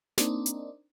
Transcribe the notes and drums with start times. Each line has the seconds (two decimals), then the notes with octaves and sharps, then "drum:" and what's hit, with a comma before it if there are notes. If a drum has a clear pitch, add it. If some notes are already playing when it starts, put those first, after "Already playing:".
0.18 A#3 C4 D4 D#4, drum: snare
0.46 drum: hi-hat